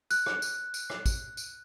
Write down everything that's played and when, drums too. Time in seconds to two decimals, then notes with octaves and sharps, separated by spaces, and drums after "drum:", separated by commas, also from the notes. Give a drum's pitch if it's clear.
0.11 F#6, drum: tambourine
0.26 drum: rim click
0.42 drum: tambourine
0.74 drum: tambourine
0.90 drum: rim click
1.06 drum: kick, tambourine
1.37 drum: tambourine